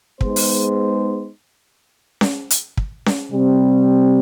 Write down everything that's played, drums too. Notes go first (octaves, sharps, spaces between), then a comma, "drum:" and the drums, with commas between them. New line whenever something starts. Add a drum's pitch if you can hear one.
G#3 B3 D#4 G#4 C5, drum: kick
drum: open hi-hat
drum: snare C#4
drum: hi-hat
drum: kick
drum: snare C#4
C3 G3 C4